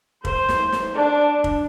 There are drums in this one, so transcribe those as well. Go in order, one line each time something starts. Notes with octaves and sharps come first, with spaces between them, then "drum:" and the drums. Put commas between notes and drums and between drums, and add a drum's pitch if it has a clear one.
C5, drum: kick
drum: snare
drum: snare
D4
drum: kick